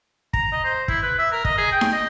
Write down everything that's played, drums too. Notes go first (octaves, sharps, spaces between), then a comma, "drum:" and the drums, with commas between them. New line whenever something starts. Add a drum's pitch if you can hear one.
A#5, drum: kick
D#5
C5
E4, drum: kick
B4
E5
A#4
D#5, drum: kick
G#4
G5
drum: snare D#4
D#5